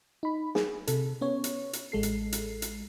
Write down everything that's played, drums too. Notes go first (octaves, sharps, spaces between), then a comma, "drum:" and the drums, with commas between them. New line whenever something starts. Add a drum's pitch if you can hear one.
D#4 B5
G#4, drum: snare
C3 A4, drum: hi-hat
B3 C#4 C#5
drum: hi-hat
drum: hi-hat
A1 G#3 A4 C7
drum: hi-hat
drum: hi-hat
drum: hi-hat